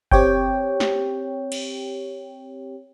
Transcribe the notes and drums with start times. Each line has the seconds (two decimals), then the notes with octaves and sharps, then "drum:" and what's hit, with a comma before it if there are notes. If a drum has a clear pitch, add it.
0.11 C4 G4 C#5 G5, drum: kick F#1
0.80 drum: snare
1.52 drum: cymbal